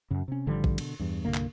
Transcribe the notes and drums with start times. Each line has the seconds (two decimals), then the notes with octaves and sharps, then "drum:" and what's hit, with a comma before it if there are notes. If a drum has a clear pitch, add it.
0.11 F#2 C#3
0.28 C3 C#4
0.47 G#1 D3 F3 G3
0.64 drum: kick A#1
0.78 B2 D3, drum: cymbal
1.00 E2 G2
1.25 C2 G2 D3 A#3
1.34 drum: clap